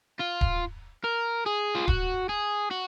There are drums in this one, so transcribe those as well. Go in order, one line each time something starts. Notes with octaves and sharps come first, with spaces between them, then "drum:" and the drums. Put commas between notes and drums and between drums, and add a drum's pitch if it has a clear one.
F4
drum: kick D1
A#4
G#4
F4
F#4, drum: kick D1
G#4
F#4